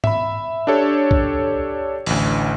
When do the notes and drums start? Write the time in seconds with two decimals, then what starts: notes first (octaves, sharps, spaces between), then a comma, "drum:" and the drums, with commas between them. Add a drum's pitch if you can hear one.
0.04 E5 B5, drum: tom G#2
0.67 D4 G4 A4 C#5
1.11 drum: kick B1
2.06 A1 D2, drum: open hi-hat